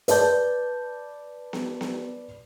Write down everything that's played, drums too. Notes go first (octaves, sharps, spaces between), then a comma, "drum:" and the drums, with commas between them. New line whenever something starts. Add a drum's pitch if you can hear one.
B4 D5 A5 G6, drum: hi-hat
drum: snare B3
drum: snare B3